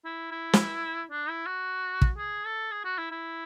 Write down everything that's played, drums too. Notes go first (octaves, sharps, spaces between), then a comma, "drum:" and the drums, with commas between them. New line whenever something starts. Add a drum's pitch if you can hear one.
E4
E4
drum: snare
D4
E4
F#4
drum: kick
G#4
A4
G#4
F#4
E4
E4